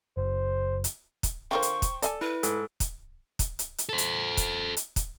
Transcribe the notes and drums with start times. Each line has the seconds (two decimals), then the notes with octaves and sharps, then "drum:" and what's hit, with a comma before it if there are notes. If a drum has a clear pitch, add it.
0.17 F#1 C5
0.84 drum: hi-hat
1.23 drum: kick, hi-hat
1.51 D3 F4 A#4 C5 G5 C#6
1.62 drum: hi-hat
1.82 drum: kick, hi-hat
2.02 A4 D5 D#5 G#5, drum: hi-hat
2.21 E4 B4
2.43 G#2 A4, drum: hi-hat
2.80 drum: kick, hi-hat
3.39 drum: kick, hi-hat
3.59 drum: hi-hat
3.78 drum: hi-hat
3.89 A4 C5
3.98 drum: hi-hat
4.37 drum: kick, hi-hat
4.77 drum: hi-hat
4.96 drum: kick, hi-hat